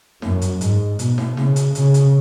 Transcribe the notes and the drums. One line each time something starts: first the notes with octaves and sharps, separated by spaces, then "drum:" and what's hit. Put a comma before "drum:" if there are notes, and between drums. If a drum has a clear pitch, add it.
F#2, drum: snare
drum: hi-hat
G#2, drum: hi-hat
B2, drum: hi-hat
drum: snare
C#3, drum: snare
drum: hi-hat
C#3, drum: hi-hat
drum: hi-hat